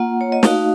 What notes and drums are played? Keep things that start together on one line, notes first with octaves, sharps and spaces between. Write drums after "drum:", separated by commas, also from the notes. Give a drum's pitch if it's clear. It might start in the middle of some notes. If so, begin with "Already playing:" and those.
Already playing: A#3 F4 F#5
C#5
D#5
A3 D#4 F#4 F5, drum: snare